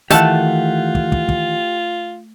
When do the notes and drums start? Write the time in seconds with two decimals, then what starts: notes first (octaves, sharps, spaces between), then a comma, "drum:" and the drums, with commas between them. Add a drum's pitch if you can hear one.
0.11 D#3 E3 A3 F4 G4 F#5 A5, drum: hi-hat
0.95 drum: kick
1.12 drum: kick
1.29 drum: kick